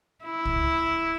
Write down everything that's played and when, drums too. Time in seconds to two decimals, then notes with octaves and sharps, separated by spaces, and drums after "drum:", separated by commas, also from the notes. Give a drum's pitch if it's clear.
0.24 E4
0.45 drum: kick